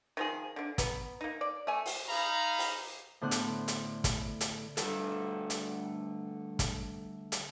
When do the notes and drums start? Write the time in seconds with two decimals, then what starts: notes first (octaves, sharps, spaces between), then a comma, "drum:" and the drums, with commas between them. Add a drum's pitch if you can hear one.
0.17 D#3 F3 G#4
0.56 D3 D4
0.78 B3 A#5, drum: kick, hi-hat
1.21 A#3 D#4
1.41 D5
1.67 A3 G#5
1.86 drum: open hi-hat
2.09 D#4 G#4 F5 A#5 B5
2.58 drum: open hi-hat
3.21 A2 D3 B3 C5 C6 F#6
3.31 drum: hi-hat
3.68 drum: hi-hat
4.04 drum: kick, hi-hat
4.41 drum: hi-hat
4.77 D3 G3 A3 F#4 A4, drum: hi-hat
5.50 drum: hi-hat
6.59 drum: kick, hi-hat
7.32 drum: hi-hat